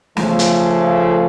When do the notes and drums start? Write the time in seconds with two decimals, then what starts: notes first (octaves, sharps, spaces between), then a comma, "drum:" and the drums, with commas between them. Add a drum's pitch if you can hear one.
0.17 C#3 F3 A3, drum: snare
0.39 drum: hi-hat